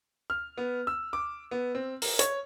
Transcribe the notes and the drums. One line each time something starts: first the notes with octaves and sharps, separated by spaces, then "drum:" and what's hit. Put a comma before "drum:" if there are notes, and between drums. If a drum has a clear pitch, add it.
F6
B3
E6
D6
B3
C4
A#4, drum: open hi-hat
C#5, drum: hi-hat